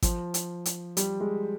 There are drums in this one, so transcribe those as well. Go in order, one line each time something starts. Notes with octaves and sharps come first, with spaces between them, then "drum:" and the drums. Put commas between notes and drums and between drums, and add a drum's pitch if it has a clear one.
F3, drum: kick G#1, hi-hat
drum: hi-hat
drum: hi-hat
G3, drum: hi-hat
G#3